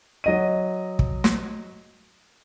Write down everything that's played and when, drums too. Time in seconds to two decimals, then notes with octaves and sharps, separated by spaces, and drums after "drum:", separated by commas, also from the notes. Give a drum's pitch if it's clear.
0.24 F#3 D#5 D#7
0.99 drum: kick
1.24 drum: snare